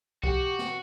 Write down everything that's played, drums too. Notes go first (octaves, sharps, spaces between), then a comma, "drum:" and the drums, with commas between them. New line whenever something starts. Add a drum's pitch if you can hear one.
F#4 G4, drum: kick B1
drum: snare